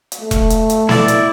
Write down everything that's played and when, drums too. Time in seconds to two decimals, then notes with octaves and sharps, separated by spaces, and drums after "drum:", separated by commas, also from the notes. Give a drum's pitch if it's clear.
0.12 drum: hi-hat
0.21 A3
0.31 drum: kick E1, hi-hat
0.50 drum: hi-hat
0.70 drum: hi-hat
0.89 E4 D5, drum: snare
1.08 drum: hi-hat